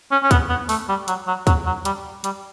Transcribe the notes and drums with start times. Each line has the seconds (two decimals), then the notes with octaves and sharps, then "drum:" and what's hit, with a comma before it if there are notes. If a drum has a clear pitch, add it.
0.11 C#4
0.23 C#4
0.31 B3, drum: kick, hi-hat
0.49 B3
0.69 A3, drum: open hi-hat
0.89 G3
1.08 F#3, drum: hi-hat
1.27 F#3
1.47 F#3, drum: kick, hi-hat
1.66 F#3
1.85 G3, drum: hi-hat
2.24 G3, drum: hi-hat